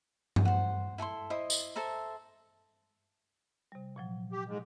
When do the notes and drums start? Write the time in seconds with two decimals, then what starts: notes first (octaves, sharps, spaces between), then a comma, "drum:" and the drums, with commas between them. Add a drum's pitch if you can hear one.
0.36 drum: tom G2
0.45 C5 F#5
0.98 E4 A4 G5 C6
1.30 E4 C5 D#5 D#6
1.50 drum: tambourine
1.76 A4 C5 E5 A#5
3.72 C3 G3
3.96 A#2 F3 F#3
4.32 G4
4.47 G#2